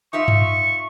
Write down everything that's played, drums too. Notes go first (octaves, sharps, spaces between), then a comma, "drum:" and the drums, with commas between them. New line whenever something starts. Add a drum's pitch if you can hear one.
D#4 F4 E5 C#6
drum: tom G2